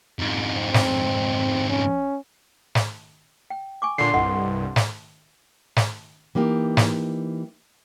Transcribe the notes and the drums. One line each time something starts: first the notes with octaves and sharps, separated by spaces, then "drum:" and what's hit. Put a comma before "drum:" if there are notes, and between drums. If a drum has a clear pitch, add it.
F2 G#2
C4
drum: snare
C#4
drum: snare
G5
G#5 C#6 D6
A#2 D3 C6 C7
C2 G2 A4 D#5 F#5
drum: snare
drum: snare
E3 A#3 D#4 G4
drum: snare